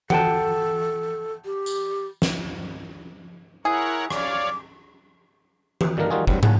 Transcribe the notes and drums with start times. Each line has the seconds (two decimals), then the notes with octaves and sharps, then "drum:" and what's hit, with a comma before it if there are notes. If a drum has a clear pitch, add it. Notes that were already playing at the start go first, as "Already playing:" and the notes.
0.10 A4 F#5 G5 A5, drum: tom E3
1.45 G4
1.66 drum: tambourine
2.22 drum: snare
3.65 E4 G#4 A#4 C#5 F#5
4.10 C#5 D5 F5 D6, drum: rim click
5.81 drum: tom E3
5.97 G2 D3 D#3 A#3 A#4
6.11 D#3 G3 A#3 F4 F#4 G#4
6.27 E2 G2 F#3 G3 C4, drum: kick F#1
6.43 C2 C#3 F#5 G#5 A5, drum: tom